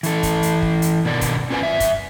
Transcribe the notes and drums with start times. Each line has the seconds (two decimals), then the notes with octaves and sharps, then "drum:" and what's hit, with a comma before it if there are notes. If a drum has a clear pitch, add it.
0.03 E3 A4, drum: hi-hat
0.23 drum: kick, hi-hat
0.43 drum: hi-hat
0.62 drum: kick
0.82 drum: hi-hat
1.05 B2 D3 D#3 A#4 D5
1.21 drum: kick, hi-hat
1.50 C#4 F4 B4 D5 G#5
1.62 F#2 E5
1.80 drum: kick, hi-hat